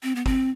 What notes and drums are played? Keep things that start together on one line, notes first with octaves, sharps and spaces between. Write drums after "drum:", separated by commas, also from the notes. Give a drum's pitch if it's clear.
C4
B3
C4, drum: kick